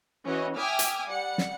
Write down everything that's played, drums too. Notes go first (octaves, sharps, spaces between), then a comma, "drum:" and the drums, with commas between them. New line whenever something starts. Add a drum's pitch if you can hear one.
E3 C#4 F#4 D#5
E5 G5 G#5 D6 D#6 F6
drum: hi-hat
G3 F#5 C#7
drum: snare